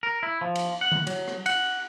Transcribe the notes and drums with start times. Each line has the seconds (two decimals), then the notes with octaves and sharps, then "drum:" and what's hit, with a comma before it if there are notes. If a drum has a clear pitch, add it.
0.03 A#4
0.23 E4
0.41 F3
0.55 drum: cymbal
0.81 F#5
0.92 drum: tom D3
1.07 F#3, drum: cymbal
1.28 drum: rim click
1.46 F#5, drum: cymbal